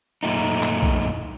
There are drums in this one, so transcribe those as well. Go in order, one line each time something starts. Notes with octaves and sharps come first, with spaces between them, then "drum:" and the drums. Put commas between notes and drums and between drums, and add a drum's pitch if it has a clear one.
F#2 A#2 A3 D#4
drum: clap
drum: kick B1
drum: hi-hat